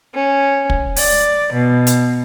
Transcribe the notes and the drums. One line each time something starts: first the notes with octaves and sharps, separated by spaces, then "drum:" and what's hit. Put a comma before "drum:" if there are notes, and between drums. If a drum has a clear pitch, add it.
C#4
drum: kick
D5, drum: open hi-hat
B2
drum: hi-hat